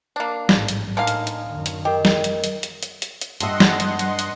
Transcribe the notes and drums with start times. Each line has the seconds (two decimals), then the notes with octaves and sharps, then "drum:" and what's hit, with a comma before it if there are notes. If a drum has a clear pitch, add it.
0.16 A#3 D4
0.49 A1 G#2, drum: snare
0.68 drum: hi-hat
0.97 A2 D3 A#3 D#4 F5 G#5
1.07 drum: hi-hat
1.27 drum: hi-hat
1.49 F#2 D#3
1.66 drum: hi-hat
1.85 G4 A#4 D#5
2.05 drum: snare
2.24 drum: hi-hat
2.44 drum: hi-hat
2.63 drum: hi-hat
2.83 drum: hi-hat
3.02 drum: hi-hat
3.21 drum: hi-hat
3.40 G2 D#5 E5 F#5 C6, drum: hi-hat
3.60 drum: snare
3.80 drum: hi-hat
3.99 drum: hi-hat
4.19 drum: hi-hat